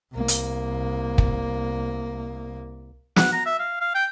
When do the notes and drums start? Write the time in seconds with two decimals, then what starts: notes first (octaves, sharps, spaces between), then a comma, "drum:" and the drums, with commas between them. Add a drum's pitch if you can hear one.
0.13 C2 A#3
0.28 drum: hi-hat
1.18 drum: kick
3.16 F#5, drum: snare
3.33 A#5
3.46 E5
3.59 F5
3.81 F5
3.95 G5